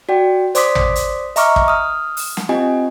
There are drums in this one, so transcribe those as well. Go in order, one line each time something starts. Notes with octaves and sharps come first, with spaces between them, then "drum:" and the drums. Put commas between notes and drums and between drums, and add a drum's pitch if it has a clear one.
F#4 D5 G5
C5 D5 C6 D6 D#6 B6, drum: hi-hat
drum: tom
drum: hi-hat
D#5 E5 A#5 C#6 D6 F6, drum: hi-hat
drum: kick
D#6 F6
drum: open hi-hat
drum: snare
C4 F4 G4 D#5 G#5